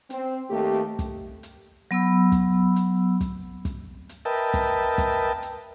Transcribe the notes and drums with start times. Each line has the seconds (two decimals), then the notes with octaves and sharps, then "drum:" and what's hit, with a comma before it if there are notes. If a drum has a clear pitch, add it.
0.10 C4, drum: hi-hat
0.50 D#2 A3 G4
0.99 drum: kick, hi-hat
1.43 drum: hi-hat
1.91 F#3 B3 B5 E6
2.32 drum: kick, hi-hat
2.76 drum: hi-hat
3.21 drum: kick, hi-hat
3.65 drum: kick, hi-hat
4.09 drum: hi-hat
4.25 A#4 B4 D#5 E5 G5 A5
4.54 drum: kick, hi-hat
4.98 drum: kick, hi-hat
5.42 drum: hi-hat